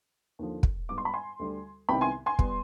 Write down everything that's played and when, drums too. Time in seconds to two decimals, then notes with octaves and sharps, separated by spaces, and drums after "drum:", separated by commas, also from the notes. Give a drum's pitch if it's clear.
0.39 D#2 D3 F3
0.63 drum: kick
0.89 G#2 G3 B3 D6
0.98 C6
1.05 B5
1.14 G#5 C6
1.39 D2 D3 G3
1.89 C2 C3 D#3 B3 G5 B5
2.01 G#5 C6
2.26 G#5 C6
2.39 G3 B3, drum: kick